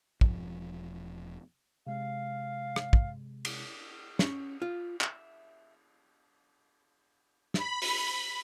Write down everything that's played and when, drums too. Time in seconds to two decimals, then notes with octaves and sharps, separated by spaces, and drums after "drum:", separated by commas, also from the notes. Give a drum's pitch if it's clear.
0.21 E1 F3, drum: kick
1.87 C3 G#3 F5
2.76 drum: rim click
2.93 drum: kick
3.45 drum: cymbal
4.19 C#4, drum: snare
4.62 F4
5.01 E5, drum: clap
7.54 B5, drum: snare
7.82 drum: open hi-hat